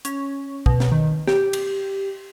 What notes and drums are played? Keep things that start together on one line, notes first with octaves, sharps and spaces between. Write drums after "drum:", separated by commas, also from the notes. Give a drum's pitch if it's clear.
C#4, drum: hi-hat
B2, drum: kick
drum: snare
D#3
G4, drum: snare
drum: cymbal